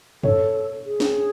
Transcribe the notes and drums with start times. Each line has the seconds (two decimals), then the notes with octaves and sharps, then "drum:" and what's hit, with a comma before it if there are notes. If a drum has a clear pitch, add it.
0.23 A4 C#5, drum: tom F#2
0.86 G#4
1.00 drum: snare C4